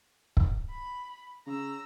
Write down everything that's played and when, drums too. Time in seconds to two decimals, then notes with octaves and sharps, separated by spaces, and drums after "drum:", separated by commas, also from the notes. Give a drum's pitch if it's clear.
0.37 drum: kick
0.70 B5
1.47 C#3 A#5 E6